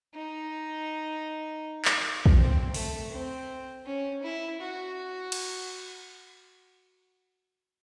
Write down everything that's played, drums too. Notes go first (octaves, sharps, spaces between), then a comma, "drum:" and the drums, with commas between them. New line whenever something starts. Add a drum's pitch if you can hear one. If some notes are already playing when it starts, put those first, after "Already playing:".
D#4
drum: clap
drum: kick
C4
A3, drum: open hi-hat
C4
C#4
E4
F#4
drum: cymbal